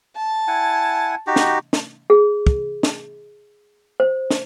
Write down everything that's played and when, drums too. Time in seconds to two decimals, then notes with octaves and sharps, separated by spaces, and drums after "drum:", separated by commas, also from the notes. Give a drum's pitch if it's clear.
0.16 A5
0.47 E4 F#5 G#5
1.27 D#4 F#4 G4
1.36 drum: snare
1.73 drum: snare
2.10 G#4
2.47 drum: kick
2.83 drum: snare
4.00 C5
4.30 drum: snare